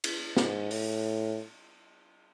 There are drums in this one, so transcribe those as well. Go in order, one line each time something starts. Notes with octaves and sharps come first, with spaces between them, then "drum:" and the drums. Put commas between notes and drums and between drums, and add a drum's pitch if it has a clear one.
drum: cymbal
G#2, drum: snare
A2, drum: open hi-hat